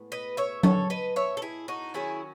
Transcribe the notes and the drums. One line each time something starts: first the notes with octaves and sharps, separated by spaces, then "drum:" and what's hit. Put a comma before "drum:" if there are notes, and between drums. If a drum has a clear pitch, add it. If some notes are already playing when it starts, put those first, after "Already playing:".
Already playing: A2 G#3 B3
B4 D#5
C#5 E5
A4 C#5, drum: tom F#3
B4 D#5
C#5 E5
A4
E4 G#4
D#4 F#4
D#3 F#3 C#4 E4 G#4